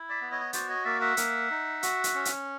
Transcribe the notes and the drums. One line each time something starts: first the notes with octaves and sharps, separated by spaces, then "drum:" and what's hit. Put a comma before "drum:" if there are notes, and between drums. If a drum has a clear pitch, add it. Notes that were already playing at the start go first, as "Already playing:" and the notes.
Already playing: E4
D5 E5
B3
C#5 D#5
F#4 C5 D5, drum: hi-hat
C#5 D#5
A#3 D5 E5
E5 F#5
A#3, drum: hi-hat
D#4
F#4, drum: hi-hat
drum: hi-hat
C#4
drum: hi-hat